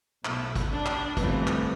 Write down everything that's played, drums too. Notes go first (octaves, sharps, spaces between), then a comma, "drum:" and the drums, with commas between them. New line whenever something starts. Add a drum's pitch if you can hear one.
B1 B2 A3 E4, drum: clap
drum: kick, hi-hat
D4
drum: clap
G1 F2 E3 A3, drum: kick, hi-hat
drum: clap